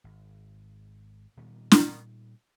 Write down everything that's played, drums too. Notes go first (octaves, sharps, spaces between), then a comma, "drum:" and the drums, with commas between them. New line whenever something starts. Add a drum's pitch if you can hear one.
G#1
A#2 D#3 G3 B3
drum: snare